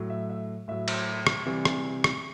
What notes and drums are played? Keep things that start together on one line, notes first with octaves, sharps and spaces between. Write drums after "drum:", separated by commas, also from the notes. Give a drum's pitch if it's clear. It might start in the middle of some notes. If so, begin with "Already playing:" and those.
Already playing: A2 F#3
E5
E5
A2 F#3 E5
drum: cymbal
drum: rim click
C3 E3 G3
drum: rim click
drum: rim click